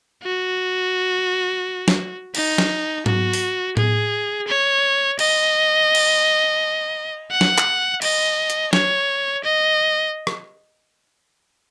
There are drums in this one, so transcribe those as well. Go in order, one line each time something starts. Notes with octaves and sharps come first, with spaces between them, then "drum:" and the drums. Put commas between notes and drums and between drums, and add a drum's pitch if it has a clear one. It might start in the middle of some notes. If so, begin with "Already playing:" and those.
F#4
drum: snare
D#4, drum: cymbal
drum: snare
F#4, drum: tom G#2
drum: open hi-hat
G#4, drum: tom A2
C#5
D#5, drum: cymbal
drum: cymbal
F#5
drum: snare
drum: clap
D#5, drum: cymbal
drum: hi-hat
C#5, drum: snare
D#5
drum: rim click